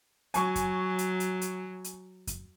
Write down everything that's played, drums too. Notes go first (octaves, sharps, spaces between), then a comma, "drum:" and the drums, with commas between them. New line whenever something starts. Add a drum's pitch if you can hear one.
F#3 G#5 C#6, drum: hi-hat
drum: kick F2, hi-hat
drum: hi-hat
drum: hi-hat
drum: hi-hat
drum: hi-hat
drum: kick F2, hi-hat